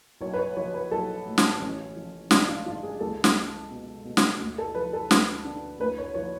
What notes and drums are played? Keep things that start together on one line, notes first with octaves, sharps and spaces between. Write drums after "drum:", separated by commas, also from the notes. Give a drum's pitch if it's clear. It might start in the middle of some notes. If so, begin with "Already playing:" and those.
B1 C#5
B4
C#5
F3 C#5
B4
B1 A4
A2
drum: snare
A1 C#4
F3
A1 D4, drum: snare
F4
G#2 F4
G#4
C#2 A4
drum: snare
C#2
B2
B2
drum: snare
D2
A4
F3 B4
A4
D2, drum: snare
D3
D2 B4
C#5
F3 C#5